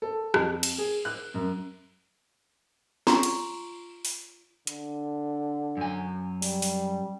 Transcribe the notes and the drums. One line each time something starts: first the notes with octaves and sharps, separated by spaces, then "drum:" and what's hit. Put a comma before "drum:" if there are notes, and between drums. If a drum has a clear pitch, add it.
A4
F2, drum: rim click
drum: cymbal
G#4
F#6
F#2
F4 A#5 C6 C#6, drum: snare
drum: cymbal
drum: open hi-hat
D3, drum: hi-hat
F#2 G#5
G3, drum: open hi-hat
drum: open hi-hat